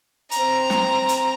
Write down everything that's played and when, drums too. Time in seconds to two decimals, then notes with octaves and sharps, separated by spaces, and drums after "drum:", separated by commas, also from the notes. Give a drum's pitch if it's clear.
0.31 C4 A#5, drum: hi-hat
0.70 drum: snare
1.09 drum: hi-hat